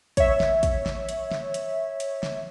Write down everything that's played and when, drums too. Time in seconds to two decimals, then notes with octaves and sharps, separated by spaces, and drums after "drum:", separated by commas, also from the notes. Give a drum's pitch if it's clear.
0.17 C#5 E5, drum: kick, hi-hat
0.40 drum: snare
0.63 drum: kick, hi-hat
0.86 drum: snare
1.09 drum: hi-hat
1.31 drum: snare
1.54 drum: hi-hat
2.00 drum: hi-hat
2.23 drum: snare